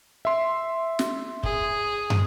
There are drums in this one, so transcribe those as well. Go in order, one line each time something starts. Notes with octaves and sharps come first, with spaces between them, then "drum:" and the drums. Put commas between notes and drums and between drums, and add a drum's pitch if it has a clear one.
E5 C6
drum: snare
G#4, drum: kick
drum: tom